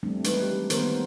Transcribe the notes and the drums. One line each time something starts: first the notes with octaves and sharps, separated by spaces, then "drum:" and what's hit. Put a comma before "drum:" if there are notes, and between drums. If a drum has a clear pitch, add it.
F3 G3 A3 C4 D4
E3 G3 G#3 D#4 B4, drum: hi-hat
G4
D#3 A#3 B3 A#4 C5, drum: hi-hat